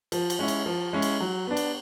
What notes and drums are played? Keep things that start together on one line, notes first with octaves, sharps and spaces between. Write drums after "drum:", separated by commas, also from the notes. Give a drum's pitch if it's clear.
F3, drum: cymbal
drum: cymbal
G#3 C#4 E4
drum: cymbal
F3
G#3 C#4 E4
drum: cymbal
F#3
B3 D4
drum: cymbal